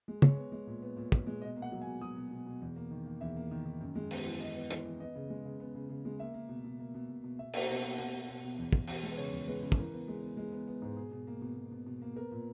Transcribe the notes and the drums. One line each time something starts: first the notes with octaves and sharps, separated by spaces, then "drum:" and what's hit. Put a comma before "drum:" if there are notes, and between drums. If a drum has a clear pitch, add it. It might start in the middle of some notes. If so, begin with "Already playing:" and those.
G#3
G#3 C#5, drum: tom
B3
G#3
A#2
B3
A#2
A#2, drum: kick
G#3
B2 D#5
A#3
F#5
F#3
G#5
B2
F#3 D#6
B2
B2
B2
E2
A#3
D#3
A#3
E2 E5
A#3
D#3
D#3
F#2
G#3
B3, drum: open hi-hat
E3
B3 D#5
B3
E3, drum: hi-hat
E3
B3 D#5
C#3
G#3
C#3
B3
C#3
C#3
G#3
A#3 E5
A#3
B2
B2
A#3
B2
B2
B2
B2 E5
A#3, drum: open hi-hat
B2 F#5
A#3
B2 F#5
A#3
B2
B2
E2
E2, drum: kick
E2, drum: open hi-hat
G#3
B4
C#3 C#5
E2
G#3 B4
C#3
B4, drum: kick
E3 A#4
B3
G#3
B3
G#3
B3
B3
G#2
B2 G#4
B2
A#3
B2
B2
B2
B2
A#3
B3 A#4
A#2